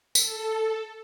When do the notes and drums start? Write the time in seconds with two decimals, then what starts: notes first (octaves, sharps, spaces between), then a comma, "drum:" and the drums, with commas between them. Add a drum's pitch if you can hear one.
0.15 A4, drum: tambourine